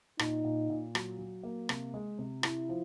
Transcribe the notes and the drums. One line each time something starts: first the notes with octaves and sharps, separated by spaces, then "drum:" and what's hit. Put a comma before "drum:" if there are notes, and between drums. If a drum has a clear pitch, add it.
A#2 D#4, drum: rim click
A#2
A#2
F#3, drum: rim click
F#3
A#3
C3, drum: rim click
G#3
C3
C3 E4, drum: rim click
F3